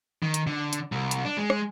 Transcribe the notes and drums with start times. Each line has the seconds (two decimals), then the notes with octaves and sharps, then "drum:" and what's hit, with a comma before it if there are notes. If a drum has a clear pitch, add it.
0.23 D#3
0.34 drum: hi-hat
0.47 D3
0.73 drum: hi-hat
0.92 C2
1.11 drum: hi-hat
1.25 D4
1.37 G#3
1.50 drum: rim click